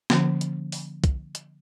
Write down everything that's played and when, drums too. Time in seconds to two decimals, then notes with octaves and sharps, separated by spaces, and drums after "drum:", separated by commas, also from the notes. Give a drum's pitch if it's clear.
0.10 D3 F3 A#3 C#4, drum: snare
0.41 drum: hi-hat
0.72 drum: open hi-hat
1.04 drum: kick C2, hi-hat
1.35 drum: hi-hat